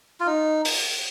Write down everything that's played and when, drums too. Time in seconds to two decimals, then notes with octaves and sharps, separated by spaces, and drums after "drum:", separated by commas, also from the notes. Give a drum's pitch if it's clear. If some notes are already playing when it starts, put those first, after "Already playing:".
0.20 F4
0.27 D#4
0.65 drum: open hi-hat